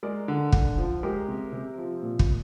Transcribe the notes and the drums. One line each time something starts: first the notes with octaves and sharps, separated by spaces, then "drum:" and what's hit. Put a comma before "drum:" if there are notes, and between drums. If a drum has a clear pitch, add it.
G#3 A#4 D5
D3
D3, drum: kick
F3
G#3 G4 A#4
C3
C3
F3
A#2
drum: kick